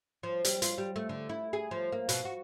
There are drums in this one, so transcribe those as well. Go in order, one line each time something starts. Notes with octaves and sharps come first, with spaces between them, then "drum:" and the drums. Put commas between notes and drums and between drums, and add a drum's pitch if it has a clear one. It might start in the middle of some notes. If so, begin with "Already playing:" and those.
F3
G3, drum: hi-hat
F4, drum: hi-hat
G3
A3
D3
E4
G#4
F3
A#3
B2, drum: hi-hat
F#4